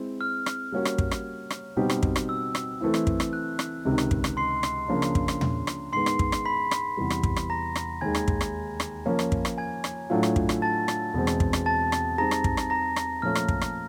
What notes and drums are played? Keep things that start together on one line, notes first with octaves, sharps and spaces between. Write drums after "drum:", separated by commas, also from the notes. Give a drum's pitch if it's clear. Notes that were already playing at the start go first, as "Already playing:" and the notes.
Already playing: G#3 C4 E4
F6
drum: rim click
G3 A#3 C#4 F#4
drum: rim click
drum: kick
drum: rim click
drum: rim click
B2 G3 C4 D#4 G4
drum: rim click
drum: kick
drum: rim click
E6
drum: rim click
E3 A3 C4 E4
drum: rim click
drum: kick
drum: rim click
F#6
drum: rim click
C#2 C3 D#3
drum: rim click
drum: kick
drum: rim click
C6 C7
drum: rim click
C#3 F3 A#3 D4
drum: rim click
drum: kick
drum: rim click
drum: tom
drum: rim click
G#2 D#3 G#3 B3 C6 C7
drum: rim click
drum: kick
drum: rim click
B5 B6
drum: rim click
E2 C3 E3 G3
drum: rim click
drum: kick
drum: rim click
A#5 A#6
drum: rim click
D#2 D#3 G#3 G#5 G#6
drum: rim click
drum: kick
drum: rim click
drum: rim click
F3 A#3 C#4
drum: rim click
drum: kick
drum: rim click
G#5 G#6
drum: rim click
A2 F#3 A3 D4 F4
drum: rim click
drum: kick
drum: rim click
A5 A6
drum: rim click
E2 B2 G#3 C4
drum: rim click
drum: kick
drum: rim click
A5 A6
drum: rim click
G3 C4 D#4 G#4 A#5 A#6
drum: rim click
drum: kick
drum: rim click
A#5 A#6
drum: rim click
A#2 F3 A3 C#4 F6
drum: rim click
drum: kick
drum: rim click